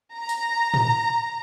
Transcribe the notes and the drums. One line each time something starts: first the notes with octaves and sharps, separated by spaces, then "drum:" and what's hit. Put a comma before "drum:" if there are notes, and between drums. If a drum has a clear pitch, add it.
A#5
drum: hi-hat
drum: tom